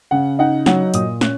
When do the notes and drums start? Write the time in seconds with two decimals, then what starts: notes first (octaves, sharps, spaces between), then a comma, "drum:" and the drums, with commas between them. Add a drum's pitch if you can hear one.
0.11 C#3 F#5
0.39 D#4 F#5
0.66 F#3 F#5, drum: snare
0.94 A#2 D#6, drum: hi-hat
1.21 C#4 F#6, drum: snare